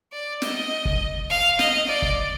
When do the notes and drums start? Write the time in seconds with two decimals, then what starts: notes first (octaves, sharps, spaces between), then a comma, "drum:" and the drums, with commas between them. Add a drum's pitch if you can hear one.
0.12 D5
0.42 D#5, drum: snare
0.85 drum: kick
1.30 F5
1.59 D#5, drum: snare
1.88 D5
2.02 drum: kick